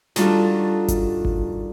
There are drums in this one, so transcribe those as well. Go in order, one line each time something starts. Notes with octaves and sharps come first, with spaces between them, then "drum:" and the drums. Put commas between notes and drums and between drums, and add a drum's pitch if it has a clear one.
D#3 G3 D4 F4 F#4 A4, drum: snare
drum: kick G#1, hi-hat
drum: kick G#1